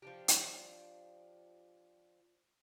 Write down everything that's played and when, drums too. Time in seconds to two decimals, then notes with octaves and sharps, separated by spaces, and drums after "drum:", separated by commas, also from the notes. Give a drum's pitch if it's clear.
0.02 F3 D4 G4
0.28 drum: hi-hat